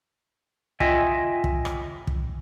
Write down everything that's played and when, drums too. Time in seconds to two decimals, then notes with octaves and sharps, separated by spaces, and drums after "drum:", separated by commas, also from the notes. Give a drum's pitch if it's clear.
0.80 F4 D#5 E5 G5 G#5, drum: kick
1.44 drum: kick
1.65 drum: rim click
2.07 drum: kick